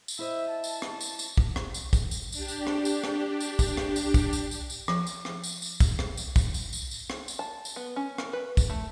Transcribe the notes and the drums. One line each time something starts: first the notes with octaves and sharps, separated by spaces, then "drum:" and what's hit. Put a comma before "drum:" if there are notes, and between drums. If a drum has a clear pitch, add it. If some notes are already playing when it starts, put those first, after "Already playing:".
drum: tambourine
E4 C5 D#5 E5
A5
drum: tambourine
drum: rim click
drum: tambourine
drum: tambourine
drum: kick
drum: rim click
drum: tambourine
drum: kick, tambourine
drum: tambourine
D4 G4, drum: tambourine
drum: tambourine
drum: rim click
drum: tambourine
drum: rim click
drum: tambourine
drum: kick, tambourine
drum: rim click
drum: tambourine
drum: kick, tambourine
drum: tambourine
drum: tambourine
drum: tambourine
F3, drum: rim click
drum: tambourine
drum: rim click
drum: tambourine
drum: tambourine
drum: kick, tambourine
drum: rim click
drum: tambourine
drum: kick, tambourine
drum: tambourine
drum: tambourine
drum: tambourine
drum: rim click
drum: tambourine
A5
drum: tambourine
B3
C#4
A#4, drum: rim click
B4
drum: kick, tambourine
A3